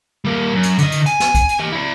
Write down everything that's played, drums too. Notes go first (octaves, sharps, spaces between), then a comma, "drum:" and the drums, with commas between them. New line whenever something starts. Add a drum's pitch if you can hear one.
G3 A#3
F#2
drum: hi-hat
D3 D#5, drum: hi-hat
drum: hi-hat
G#5, drum: hi-hat
drum: snare
drum: kick, hi-hat
drum: hi-hat
G4 D#5
E4 D5